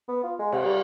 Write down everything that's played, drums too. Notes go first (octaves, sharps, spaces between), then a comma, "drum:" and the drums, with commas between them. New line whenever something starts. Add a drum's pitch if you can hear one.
B3
F4
G#3
C3, drum: cymbal
G3